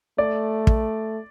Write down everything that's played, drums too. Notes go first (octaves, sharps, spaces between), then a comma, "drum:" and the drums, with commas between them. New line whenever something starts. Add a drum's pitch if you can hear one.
A3 D5
drum: kick